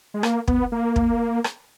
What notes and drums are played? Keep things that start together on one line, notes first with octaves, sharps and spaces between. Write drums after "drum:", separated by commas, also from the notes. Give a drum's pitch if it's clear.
G#3
A#3, drum: rim click
B3, drum: kick
A#3
drum: kick
drum: rim click